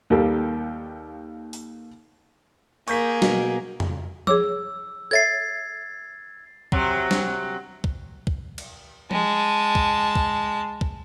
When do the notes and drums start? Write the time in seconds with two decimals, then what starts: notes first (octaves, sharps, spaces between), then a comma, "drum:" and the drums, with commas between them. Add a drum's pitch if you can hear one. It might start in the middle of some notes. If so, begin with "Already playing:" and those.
0.10 D#2 G3 A#3 G4 A4 F5
1.53 drum: open hi-hat
2.88 A#3 G#4 C#6 G6 B6, drum: open hi-hat
3.22 B2 F#3, drum: snare
3.80 drum: tom F2
4.27 G#4 C#5 D6 E6, drum: tom F3
5.11 A4 C#5 E5 G#6 A6 C7
6.72 C3 F#3, drum: kick
7.11 drum: snare
7.84 drum: kick
8.27 drum: kick
8.58 drum: cymbal
9.11 G#3 A5, drum: tom F3
9.75 drum: kick
10.16 drum: kick
10.81 drum: kick